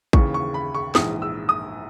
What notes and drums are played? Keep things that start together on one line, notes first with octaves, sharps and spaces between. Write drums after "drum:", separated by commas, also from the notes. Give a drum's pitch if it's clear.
D#2 C#3 E3 C#6, drum: kick
C#6
B5
C#6
A#1 G#2 E3 D#6, drum: snare
E6
D#6